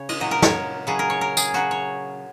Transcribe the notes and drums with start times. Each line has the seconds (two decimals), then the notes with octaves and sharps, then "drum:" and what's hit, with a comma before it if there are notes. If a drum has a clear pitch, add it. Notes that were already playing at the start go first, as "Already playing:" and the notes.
Already playing: C#3 C#5
0.09 D#5, drum: cymbal
0.20 A#2 F#3 D#5
0.31 A#4
0.42 C#5, drum: snare
0.87 C#3 F#3 G#4
0.99 A#4
1.10 C#5
1.21 A#4
1.37 G#4, drum: tambourine
1.54 C#3 F#3 F#4, drum: hi-hat
1.71 C#5